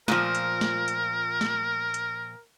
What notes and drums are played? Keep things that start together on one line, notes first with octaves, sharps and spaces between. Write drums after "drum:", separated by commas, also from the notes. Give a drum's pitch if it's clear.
A#2 F3 A#4, drum: snare
drum: hi-hat
drum: snare
drum: hi-hat
drum: snare
drum: hi-hat